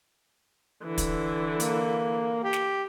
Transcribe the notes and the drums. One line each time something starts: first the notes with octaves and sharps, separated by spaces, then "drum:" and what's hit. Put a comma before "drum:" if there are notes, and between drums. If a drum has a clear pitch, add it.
D3 E3
drum: kick, hi-hat
A#3, drum: hi-hat
G4
drum: snare